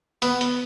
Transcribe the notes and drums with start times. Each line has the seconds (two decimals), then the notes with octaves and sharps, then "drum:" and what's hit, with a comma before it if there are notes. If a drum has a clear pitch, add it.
0.22 B3, drum: hi-hat
0.41 drum: hi-hat